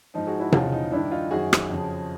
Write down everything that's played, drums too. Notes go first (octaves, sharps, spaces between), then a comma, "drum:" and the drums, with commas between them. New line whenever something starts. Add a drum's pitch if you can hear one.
G#2 F3 D#4
F#4 G#4
E4 F#4
E2 C#3 F3 D#4 F4, drum: tom C3
D#4
G2 D#3 D4 E4
D#4 F4
F#2 D#3 F#4 G#4
drum: rim click
F2 C#3 F3